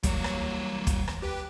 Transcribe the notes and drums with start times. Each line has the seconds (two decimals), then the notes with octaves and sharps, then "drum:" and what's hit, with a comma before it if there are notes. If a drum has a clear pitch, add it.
0.03 F#3 G3 A#3 C#5, drum: kick, hi-hat
0.24 drum: rim click
0.87 drum: kick, hi-hat
1.08 drum: rim click
1.22 G4 B4 G5